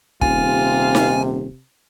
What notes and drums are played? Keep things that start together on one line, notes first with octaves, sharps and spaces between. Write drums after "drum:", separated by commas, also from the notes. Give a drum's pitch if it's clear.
D#1 C3 F4 G#5, drum: kick
drum: snare D#4